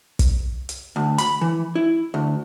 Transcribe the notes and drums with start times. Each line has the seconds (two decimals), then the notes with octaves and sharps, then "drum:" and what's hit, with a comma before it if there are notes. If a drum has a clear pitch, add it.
0.19 drum: kick, hi-hat
0.69 drum: hi-hat
0.96 D2
1.18 B5, drum: hi-hat
1.41 E3
1.75 E4
2.14 D2